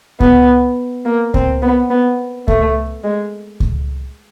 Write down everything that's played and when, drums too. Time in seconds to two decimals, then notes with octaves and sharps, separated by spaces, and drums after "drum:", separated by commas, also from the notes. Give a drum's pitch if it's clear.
0.20 B3, drum: kick C#2
1.05 A#3
1.34 C4, drum: kick C#2
1.62 B3
1.90 B3
2.48 A3, drum: kick C#2
3.04 G#3
3.60 drum: kick C#2